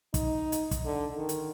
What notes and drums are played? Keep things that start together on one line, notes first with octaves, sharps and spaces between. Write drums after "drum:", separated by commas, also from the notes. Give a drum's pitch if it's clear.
D#4, drum: kick, hi-hat
drum: hi-hat
drum: kick, hi-hat
D3
D#3
drum: hi-hat